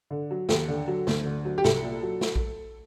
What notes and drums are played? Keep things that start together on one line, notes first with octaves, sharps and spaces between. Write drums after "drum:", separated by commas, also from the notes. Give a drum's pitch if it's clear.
D3
F#3
D#2 A4, drum: snare
D3
F#3
D2, drum: snare
D3
F#3
G4
C2 A4, drum: snare
A#2
F#3
drum: snare
drum: kick A#1